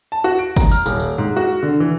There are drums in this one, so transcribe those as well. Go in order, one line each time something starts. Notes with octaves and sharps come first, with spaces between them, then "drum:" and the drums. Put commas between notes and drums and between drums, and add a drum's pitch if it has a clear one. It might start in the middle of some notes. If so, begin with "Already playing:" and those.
A5
F#4
D7
A#5, drum: kick, tambourine
F6, drum: tambourine
D#1, drum: tambourine
drum: tambourine
G#2
F#4
D3
E3